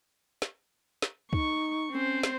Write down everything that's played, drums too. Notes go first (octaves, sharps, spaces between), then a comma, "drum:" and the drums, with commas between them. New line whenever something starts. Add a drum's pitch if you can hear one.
drum: snare
drum: snare
D#4 C#6, drum: kick
C4 C#4 C5
drum: snare